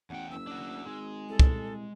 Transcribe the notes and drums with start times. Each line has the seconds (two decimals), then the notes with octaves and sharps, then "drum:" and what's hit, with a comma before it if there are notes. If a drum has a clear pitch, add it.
0.10 A1 E2 F#5 G5
0.31 F#1 E6
0.47 D4 F#4
0.85 G#1 G#3
1.29 C2 A4
1.39 drum: kick